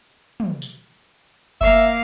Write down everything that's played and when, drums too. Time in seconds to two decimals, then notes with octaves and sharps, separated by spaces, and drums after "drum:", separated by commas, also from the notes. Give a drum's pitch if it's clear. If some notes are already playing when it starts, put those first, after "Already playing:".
0.40 drum: tom
0.62 drum: tambourine
1.61 A#3 E5 F5, drum: kick F#1